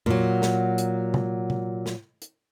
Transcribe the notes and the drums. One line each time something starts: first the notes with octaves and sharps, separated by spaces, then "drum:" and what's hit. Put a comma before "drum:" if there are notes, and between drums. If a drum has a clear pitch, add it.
A#2 F#3, drum: tom F2
drum: snare
drum: hi-hat
drum: tom C3
drum: tom C3
drum: snare
drum: hi-hat